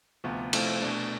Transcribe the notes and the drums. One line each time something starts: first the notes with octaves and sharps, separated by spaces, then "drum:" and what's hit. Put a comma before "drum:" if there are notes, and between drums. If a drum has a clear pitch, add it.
D2 C3 F3 B3
C3 F3 A3 C4 E4, drum: cymbal
B2 A3 D4